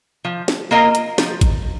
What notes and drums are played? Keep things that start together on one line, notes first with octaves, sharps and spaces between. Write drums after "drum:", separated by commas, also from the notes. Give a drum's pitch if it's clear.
F3
drum: snare
A#3 F4 A#4 D#5
drum: hi-hat
F3, drum: snare
drum: kick G#1, hi-hat